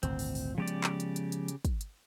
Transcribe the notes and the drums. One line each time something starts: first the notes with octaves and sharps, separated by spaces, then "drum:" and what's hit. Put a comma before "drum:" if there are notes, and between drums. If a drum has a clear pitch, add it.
G#1 D2 A#2 C4, drum: hi-hat
drum: open hi-hat
drum: open hi-hat
C#3 F3 G#3 B3 G4 D5
drum: hi-hat
drum: clap
drum: hi-hat
drum: hi-hat
drum: hi-hat
drum: hi-hat
drum: kick, hi-hat
drum: hi-hat